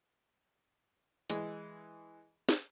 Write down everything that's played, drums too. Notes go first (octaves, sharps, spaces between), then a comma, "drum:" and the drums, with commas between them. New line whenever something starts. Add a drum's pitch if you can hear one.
E3 G#3, drum: hi-hat
drum: snare